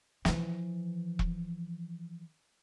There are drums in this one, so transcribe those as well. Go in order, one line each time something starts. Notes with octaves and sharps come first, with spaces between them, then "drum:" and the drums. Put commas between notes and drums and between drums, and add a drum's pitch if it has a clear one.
E3 F3, drum: snare
drum: kick E1